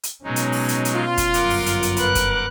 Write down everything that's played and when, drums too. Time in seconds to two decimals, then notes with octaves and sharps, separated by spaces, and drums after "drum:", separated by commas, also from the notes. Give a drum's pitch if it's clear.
0.03 drum: hi-hat
0.24 B2 F#3 G#3 C#4 D#4
0.36 drum: hi-hat
0.52 drum: open hi-hat
0.69 drum: hi-hat
0.85 drum: hi-hat
0.95 F4
1.17 drum: kick, hi-hat
1.34 G1 F#2 A#4 F#5 D6, drum: hi-hat
1.50 drum: open hi-hat
1.66 drum: hi-hat
1.83 drum: hi-hat
1.97 B4 F#6, drum: hi-hat
2.15 drum: kick, hi-hat